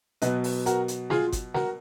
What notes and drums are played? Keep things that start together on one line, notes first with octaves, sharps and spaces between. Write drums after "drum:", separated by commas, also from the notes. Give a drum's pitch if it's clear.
B2 F#3 B3 B4 D#5, drum: hi-hat
drum: open hi-hat
F#4 A#4, drum: hi-hat
drum: hi-hat
F4 G#4, drum: snare
drum: kick G1, hi-hat
F#4 A#4, drum: snare